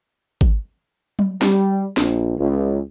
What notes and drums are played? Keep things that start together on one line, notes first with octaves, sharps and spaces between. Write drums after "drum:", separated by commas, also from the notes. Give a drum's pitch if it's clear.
drum: kick G#1
drum: tom F#3
G3, drum: snare
A#1, drum: snare
C#2